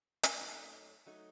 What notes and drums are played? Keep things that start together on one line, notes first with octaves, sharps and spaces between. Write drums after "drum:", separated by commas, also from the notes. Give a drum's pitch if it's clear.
drum: hi-hat
F#2 F#3 A3 D#4
F#3 A3 D#4